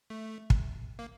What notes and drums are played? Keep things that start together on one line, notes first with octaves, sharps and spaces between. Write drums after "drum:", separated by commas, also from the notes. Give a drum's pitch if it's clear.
A3
drum: kick
A#3